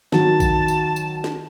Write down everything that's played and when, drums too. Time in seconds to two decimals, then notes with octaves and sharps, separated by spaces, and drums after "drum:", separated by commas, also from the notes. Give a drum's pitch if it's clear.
0.12 D#3 F#3 A5, drum: snare
0.40 drum: kick A1, tambourine
0.68 drum: tambourine
0.96 drum: tambourine
1.24 drum: snare